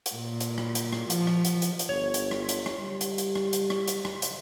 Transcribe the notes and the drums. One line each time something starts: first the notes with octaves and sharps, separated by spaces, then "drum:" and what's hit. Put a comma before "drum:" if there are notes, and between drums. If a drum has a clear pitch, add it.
drum: hi-hat
A#2
drum: hi-hat
drum: rim click
drum: hi-hat
drum: rim click
F3, drum: hi-hat
drum: rim click
drum: hi-hat
drum: hi-hat
drum: hi-hat
G1 C#5
drum: hi-hat
drum: rim click
drum: hi-hat
drum: rim click
G3
drum: hi-hat
drum: hi-hat
drum: rim click
drum: hi-hat
drum: rim click
drum: hi-hat
drum: rim click
drum: hi-hat